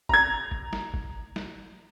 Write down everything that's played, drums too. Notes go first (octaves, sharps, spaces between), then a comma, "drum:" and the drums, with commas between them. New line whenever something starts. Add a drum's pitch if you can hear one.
A#5 G#6, drum: kick F#1
drum: kick F#1
drum: snare
drum: kick F#1
drum: snare